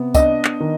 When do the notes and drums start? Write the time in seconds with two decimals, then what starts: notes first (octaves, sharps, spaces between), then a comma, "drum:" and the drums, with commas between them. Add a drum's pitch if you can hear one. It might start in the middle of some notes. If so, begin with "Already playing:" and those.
Already playing: C3 B3
0.15 D4 D#5, drum: kick, tambourine
0.45 drum: clap
0.60 D#3